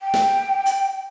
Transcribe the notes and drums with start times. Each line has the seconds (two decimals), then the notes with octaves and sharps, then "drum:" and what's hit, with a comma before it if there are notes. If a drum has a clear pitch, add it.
0.01 G5
0.14 drum: snare
0.66 drum: hi-hat